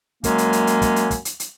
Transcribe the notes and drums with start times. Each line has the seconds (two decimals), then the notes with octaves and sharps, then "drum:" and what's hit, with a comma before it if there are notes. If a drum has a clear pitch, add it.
0.24 F#2 F#3 G#3 A#3 C#4, drum: kick, hi-hat
0.38 drum: hi-hat
0.53 drum: hi-hat
0.67 drum: hi-hat
0.82 drum: kick, hi-hat
0.96 drum: hi-hat
1.11 drum: kick, hi-hat
1.25 drum: hi-hat
1.40 drum: hi-hat